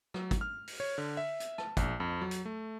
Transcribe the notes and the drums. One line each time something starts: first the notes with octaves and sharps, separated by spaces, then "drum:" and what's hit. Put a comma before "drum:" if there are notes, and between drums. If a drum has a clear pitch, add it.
F#3, drum: rim click
drum: kick, hi-hat
F6
drum: open hi-hat
C#5
D3
E5
drum: hi-hat
A5, drum: rim click
A#1, drum: kick, hi-hat
F2
F#3
drum: hi-hat
A3